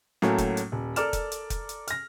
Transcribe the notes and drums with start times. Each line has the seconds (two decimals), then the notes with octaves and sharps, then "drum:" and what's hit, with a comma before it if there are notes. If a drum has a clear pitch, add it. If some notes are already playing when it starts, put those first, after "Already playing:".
0.22 A2 F#3 A3 A#3 C#4 F#4, drum: snare
0.38 drum: kick F1, hi-hat
0.57 drum: hi-hat
0.72 D#1
0.96 A4 A#4 D5 F6 E7, drum: hi-hat
1.13 drum: kick F1, hi-hat
1.32 drum: hi-hat
1.50 drum: kick F1, hi-hat
1.69 drum: hi-hat
1.88 F6 A#6, drum: hi-hat